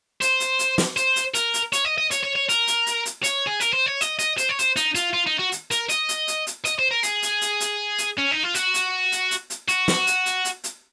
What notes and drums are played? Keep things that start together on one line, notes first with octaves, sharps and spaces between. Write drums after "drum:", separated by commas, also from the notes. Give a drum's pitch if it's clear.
C5, drum: hi-hat
drum: hi-hat
drum: hi-hat
drum: snare
C5, drum: hi-hat
drum: hi-hat
A#4, drum: hi-hat
drum: hi-hat
C#5, drum: hi-hat
D#5
D#5
C#5, drum: hi-hat
C#5
C#5
A#4, drum: hi-hat
drum: hi-hat
drum: hi-hat
drum: hi-hat
C#5, drum: hi-hat
G#4
A#4, drum: hi-hat
C5
C#5
D#5, drum: hi-hat
D#5, drum: hi-hat
C5, drum: hi-hat
C#5
C5, drum: hi-hat
D#4, drum: hi-hat
F4, drum: hi-hat
F4
D#4
F#4
drum: hi-hat
A#4, drum: hi-hat
D#5, drum: hi-hat
drum: hi-hat
drum: hi-hat
drum: hi-hat
D#5, drum: hi-hat
C5
A#4
G#4, drum: hi-hat
drum: hi-hat
drum: hi-hat
drum: hi-hat
drum: hi-hat
C#4
D#4
F4
F#4, drum: hi-hat
drum: hi-hat
drum: hi-hat
drum: hi-hat
drum: hi-hat
F#4, drum: hi-hat
drum: snare
drum: hi-hat
drum: hi-hat
drum: hi-hat
drum: hi-hat